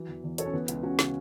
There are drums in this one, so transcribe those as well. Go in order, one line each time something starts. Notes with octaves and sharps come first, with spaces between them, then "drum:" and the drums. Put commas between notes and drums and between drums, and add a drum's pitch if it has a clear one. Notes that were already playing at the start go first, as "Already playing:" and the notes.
Already playing: E3 F#3
E2
E2
B2 A4 C#5, drum: hi-hat
C#4
E3 B3
C#2, drum: hi-hat
C#2 C#4 F#4
C#3, drum: snare